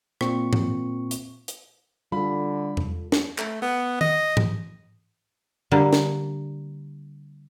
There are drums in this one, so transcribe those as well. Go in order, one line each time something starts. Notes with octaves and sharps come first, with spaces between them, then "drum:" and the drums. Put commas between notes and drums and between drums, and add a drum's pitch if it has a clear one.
A#2 C4 C#6, drum: rim click
drum: tom G#2
drum: hi-hat
drum: hi-hat
D3 G3 F4 A4 B5
drum: tom E2
drum: snare
A3, drum: clap
B3
D#5, drum: tom D#3
drum: tom G#2
D3 G3 A#3
drum: snare